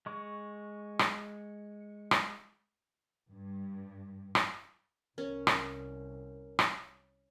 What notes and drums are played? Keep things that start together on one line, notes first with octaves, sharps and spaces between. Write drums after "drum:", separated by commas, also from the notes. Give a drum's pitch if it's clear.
G#3 C#6
drum: rim click
drum: rim click
G2
drum: rim click
C2 C#4 A#4
drum: rim click
drum: rim click